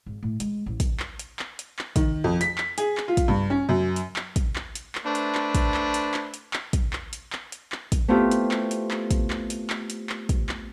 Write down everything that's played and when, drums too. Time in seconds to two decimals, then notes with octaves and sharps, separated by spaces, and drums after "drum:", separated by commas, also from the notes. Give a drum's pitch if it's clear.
0.06 G#1
0.23 A2
0.40 G#3, drum: hi-hat
0.66 A1
0.80 drum: kick, hi-hat
1.00 drum: clap
1.19 drum: hi-hat
1.39 drum: clap
1.59 drum: hi-hat
1.79 drum: clap
1.96 D#3, drum: kick, hi-hat
2.24 F2
2.41 B6, drum: hi-hat
2.58 drum: clap
2.78 G#4, drum: hi-hat
2.97 drum: clap
3.08 F4
3.17 drum: kick, hi-hat
3.28 G2
3.50 C#4
3.69 F#2
3.96 drum: hi-hat
4.16 drum: clap
4.36 drum: kick, hi-hat
4.56 drum: clap
4.75 drum: hi-hat
4.95 drum: clap
5.06 A3 D4 B4 C5
5.15 drum: hi-hat
5.35 drum: clap
5.55 drum: kick, hi-hat
5.74 drum: clap
5.94 drum: hi-hat
6.14 drum: clap
6.34 drum: hi-hat
6.53 drum: clap
6.73 drum: kick, hi-hat
6.93 drum: clap
7.13 drum: hi-hat
7.33 drum: clap
7.52 drum: hi-hat
7.72 drum: clap
7.92 drum: kick, hi-hat
8.08 A3 B3 C4 E4 F4 G4
8.31 drum: hi-hat
8.51 drum: clap
8.71 drum: hi-hat
8.91 drum: clap
9.11 drum: kick, hi-hat
9.30 drum: clap
9.50 drum: hi-hat
9.70 drum: clap
9.90 drum: hi-hat
10.09 drum: clap
10.29 drum: kick, hi-hat
10.49 drum: clap